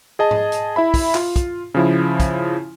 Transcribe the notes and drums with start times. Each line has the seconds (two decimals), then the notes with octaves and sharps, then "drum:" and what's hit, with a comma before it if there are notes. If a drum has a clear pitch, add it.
0.19 G#4 D#5 A5
0.31 drum: tom G#2
0.52 drum: hi-hat
0.76 E4 E5 B5
0.94 drum: kick, open hi-hat
1.15 F4, drum: clap
1.36 drum: kick, hi-hat
1.75 C#3 F3 E4
2.20 drum: kick, hi-hat